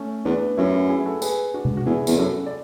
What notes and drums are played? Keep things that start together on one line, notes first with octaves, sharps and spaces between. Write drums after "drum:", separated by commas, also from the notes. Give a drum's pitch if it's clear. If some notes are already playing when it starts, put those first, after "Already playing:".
Already playing: A3 C#4
E2 B3 D4
F#2 C#4 E4
D4 F#4
E4 G#4
F#4 A4
G#4 B4, drum: tambourine
D4 F#4
drum: tom C3
F#4
E2 E4 G#4
E2, drum: tambourine
F#2 F#4 A4
D5